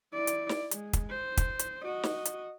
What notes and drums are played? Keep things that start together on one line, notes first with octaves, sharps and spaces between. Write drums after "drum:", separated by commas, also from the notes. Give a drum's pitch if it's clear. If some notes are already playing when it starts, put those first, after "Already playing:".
E4 D5
drum: hi-hat
drum: snare
G#3, drum: hi-hat
drum: kick, hi-hat
C5
drum: kick, hi-hat
drum: hi-hat
F#4 D#5
drum: snare
drum: hi-hat